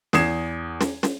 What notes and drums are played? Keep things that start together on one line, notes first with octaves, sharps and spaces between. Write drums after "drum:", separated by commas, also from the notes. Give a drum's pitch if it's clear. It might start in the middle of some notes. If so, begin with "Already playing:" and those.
E2 D#6 G#6 C7 E7, drum: snare
drum: snare
drum: snare